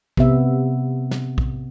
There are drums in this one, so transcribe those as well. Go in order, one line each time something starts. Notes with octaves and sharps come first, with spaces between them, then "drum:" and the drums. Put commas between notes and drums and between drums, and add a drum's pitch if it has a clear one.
C3 B3 E5, drum: kick
drum: snare
drum: kick